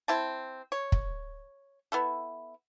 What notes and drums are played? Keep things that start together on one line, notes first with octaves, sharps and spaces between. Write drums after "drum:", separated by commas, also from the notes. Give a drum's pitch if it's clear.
C4 E4 A5
C#5
drum: kick
B3 E4 A4